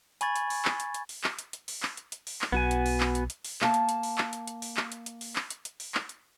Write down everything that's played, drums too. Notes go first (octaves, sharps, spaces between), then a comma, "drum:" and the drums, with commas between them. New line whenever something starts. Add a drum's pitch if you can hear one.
G#5 B5 C#6 G#6 A6, drum: hi-hat
drum: hi-hat
drum: open hi-hat
drum: clap
drum: hi-hat
drum: hi-hat
drum: open hi-hat
drum: clap
drum: hi-hat
drum: hi-hat
drum: open hi-hat
drum: clap
drum: hi-hat
drum: hi-hat
drum: open hi-hat
drum: clap
B1 B3 F#4 G#5
drum: hi-hat
drum: open hi-hat
drum: clap
drum: hi-hat
drum: hi-hat
drum: open hi-hat
A#3 A5, drum: clap
drum: hi-hat
drum: hi-hat
drum: open hi-hat
drum: clap
drum: hi-hat
drum: hi-hat
drum: open hi-hat
drum: clap
drum: hi-hat
drum: hi-hat
drum: open hi-hat
drum: clap
drum: hi-hat
drum: hi-hat
drum: open hi-hat
drum: clap
drum: hi-hat